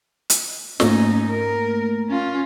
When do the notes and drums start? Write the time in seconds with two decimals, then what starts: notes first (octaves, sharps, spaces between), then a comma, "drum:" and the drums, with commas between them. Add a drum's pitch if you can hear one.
0.30 drum: hi-hat
0.80 G#2 A3 A#3 C#4 D#4, drum: snare
1.29 A#4
2.09 C#4 F4